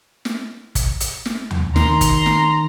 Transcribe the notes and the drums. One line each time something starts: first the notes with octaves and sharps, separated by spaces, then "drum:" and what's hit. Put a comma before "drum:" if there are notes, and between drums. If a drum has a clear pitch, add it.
drum: snare
drum: kick, hi-hat
drum: hi-hat
drum: snare
drum: tom
D#3 A#5 C6, drum: snare
drum: kick, hi-hat
drum: snare